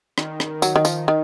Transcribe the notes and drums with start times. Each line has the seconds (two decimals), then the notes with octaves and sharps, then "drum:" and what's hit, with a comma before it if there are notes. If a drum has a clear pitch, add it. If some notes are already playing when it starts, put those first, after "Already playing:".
0.18 D#3, drum: rim click
0.40 drum: rim click
0.62 F#3, drum: tambourine
0.76 D#3
0.85 F3, drum: tambourine
1.08 D#3